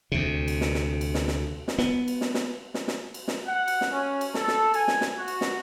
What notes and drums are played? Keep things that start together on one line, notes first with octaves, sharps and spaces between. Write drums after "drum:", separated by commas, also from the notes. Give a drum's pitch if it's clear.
D2 C3
drum: cymbal
drum: snare
drum: snare
drum: cymbal
drum: snare
drum: snare
drum: snare
B3, drum: snare
drum: cymbal
drum: snare
drum: snare
drum: snare
drum: snare
drum: cymbal
drum: snare
F#5
drum: cymbal
drum: snare
C#4
drum: cymbal
A4, drum: snare
drum: snare
G#5, drum: cymbal
drum: snare
drum: snare
F#4
drum: cymbal
drum: snare